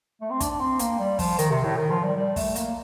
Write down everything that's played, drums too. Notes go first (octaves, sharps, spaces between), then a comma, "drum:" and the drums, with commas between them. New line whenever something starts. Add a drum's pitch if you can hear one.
A3
C4
D4, drum: kick, hi-hat
D4
C4
A#3, drum: hi-hat
G3
F3, drum: kick, open hi-hat
D#3, drum: hi-hat
C3
A2
D#3
F3
G3
G3
A3, drum: kick, open hi-hat
A#3, drum: hi-hat